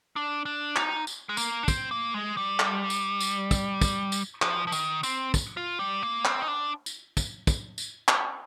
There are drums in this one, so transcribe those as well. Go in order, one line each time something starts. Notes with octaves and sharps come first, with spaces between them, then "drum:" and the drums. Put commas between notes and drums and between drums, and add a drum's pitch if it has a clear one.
D4
D4
D#4, drum: clap
drum: tambourine
G#3
A#3, drum: tambourine
D4
C4, drum: kick, tambourine
A#3
G#3
G3
drum: clap
drum: tambourine
drum: tambourine
drum: kick, tambourine
drum: kick, tambourine
drum: tambourine
F3, drum: clap
F3
D#3, drum: tambourine
C4, drum: tambourine
drum: kick, tambourine
F4
G3
A#3
C4, drum: clap
D#4
D4
drum: tambourine
drum: kick, tambourine
drum: kick, tambourine
drum: tambourine
drum: clap